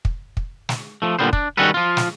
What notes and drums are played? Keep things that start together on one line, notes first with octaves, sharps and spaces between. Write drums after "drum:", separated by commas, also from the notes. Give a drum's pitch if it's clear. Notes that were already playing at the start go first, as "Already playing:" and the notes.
drum: kick
drum: kick
drum: snare
F3 A3
A#2 D3 G3 B3 C5
D4, drum: kick
D#3 G3 C#4 F#4 A4 B4
F3 F4
drum: snare